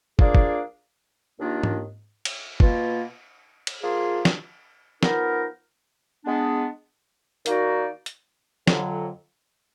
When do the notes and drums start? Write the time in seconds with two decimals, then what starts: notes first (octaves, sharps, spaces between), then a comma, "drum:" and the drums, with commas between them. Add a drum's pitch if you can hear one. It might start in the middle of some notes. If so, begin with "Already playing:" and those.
0.19 F3 A#3 D4 G#4 D5, drum: kick
0.35 drum: kick
1.39 D#2 D#3 A#3 D4 F4
1.63 drum: tom G#2
2.25 drum: cymbal
2.60 B2 A#3 F4, drum: kick
3.67 drum: cymbal
3.82 F3 A#3 F4 G#4
4.25 drum: snare
5.03 F3 B3 D#4 A#4, drum: snare
6.25 G#3 B3 D4
7.46 D#3 A#3 D#4 F#4 D5, drum: hi-hat
8.06 drum: hi-hat
8.67 F2 D3 F#3, drum: snare